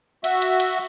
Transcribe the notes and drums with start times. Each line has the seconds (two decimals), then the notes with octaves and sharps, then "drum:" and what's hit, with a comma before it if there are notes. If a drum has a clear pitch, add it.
0.24 F#4 E5, drum: cymbal
0.42 drum: cymbal
0.60 drum: cymbal